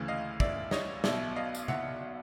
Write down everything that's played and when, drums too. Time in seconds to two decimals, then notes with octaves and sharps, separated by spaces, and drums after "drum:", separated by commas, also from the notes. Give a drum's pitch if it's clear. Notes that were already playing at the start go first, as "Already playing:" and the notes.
Already playing: D2 C#3 E3
0.08 D#5 F5
0.40 D5 E5, drum: kick
0.71 C#5 D#5, drum: snare
1.04 B1 B2 D5 E5, drum: snare
1.36 D#5 F5
1.55 drum: tambourine
1.68 E5 F#5, drum: tom C3